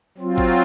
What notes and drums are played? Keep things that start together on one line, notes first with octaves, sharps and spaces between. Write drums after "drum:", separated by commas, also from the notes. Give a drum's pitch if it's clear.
F#3 C4 F4
drum: kick G#1